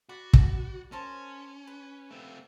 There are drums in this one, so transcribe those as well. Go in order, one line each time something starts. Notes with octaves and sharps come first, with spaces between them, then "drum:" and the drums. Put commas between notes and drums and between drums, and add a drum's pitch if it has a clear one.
F#4 D5 B5
drum: kick
C#4 A#4 C5 A5
B4
A3 C4